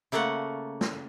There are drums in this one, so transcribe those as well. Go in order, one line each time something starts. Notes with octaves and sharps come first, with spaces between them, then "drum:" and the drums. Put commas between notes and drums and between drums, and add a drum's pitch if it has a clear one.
C#3 A3 A#3 A4 F#5
drum: snare